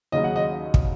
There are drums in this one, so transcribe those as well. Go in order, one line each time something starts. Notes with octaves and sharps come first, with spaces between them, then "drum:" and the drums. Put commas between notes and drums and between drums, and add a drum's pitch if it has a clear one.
D#2 C#3 F#3 D#5
F#5
D#5
drum: kick